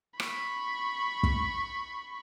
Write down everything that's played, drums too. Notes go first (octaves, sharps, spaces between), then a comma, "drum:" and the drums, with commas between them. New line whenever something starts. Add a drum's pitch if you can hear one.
B5 C#6, drum: rim click
drum: kick